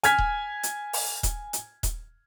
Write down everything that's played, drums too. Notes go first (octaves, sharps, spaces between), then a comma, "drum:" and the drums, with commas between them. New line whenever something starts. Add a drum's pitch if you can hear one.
G#5 F6 G#6 B6, drum: hi-hat
drum: kick D#1
drum: hi-hat
drum: open hi-hat
drum: kick D#1, hi-hat
drum: hi-hat
drum: kick D#1, hi-hat